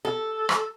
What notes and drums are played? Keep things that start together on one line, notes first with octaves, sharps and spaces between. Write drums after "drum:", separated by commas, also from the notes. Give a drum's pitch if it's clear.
A4
drum: rim click